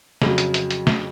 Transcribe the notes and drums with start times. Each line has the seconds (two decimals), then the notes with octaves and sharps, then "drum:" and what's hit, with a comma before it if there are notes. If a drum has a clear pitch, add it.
0.22 F2 C#3 F#3, drum: snare
0.38 drum: hi-hat
0.54 drum: hi-hat
0.71 drum: hi-hat
0.87 drum: snare